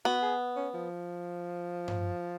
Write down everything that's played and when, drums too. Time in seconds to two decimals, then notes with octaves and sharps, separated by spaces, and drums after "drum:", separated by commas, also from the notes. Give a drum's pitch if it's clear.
0.05 B3 F#4
0.22 G#4
0.56 C#4
0.74 F3
1.88 drum: tom G2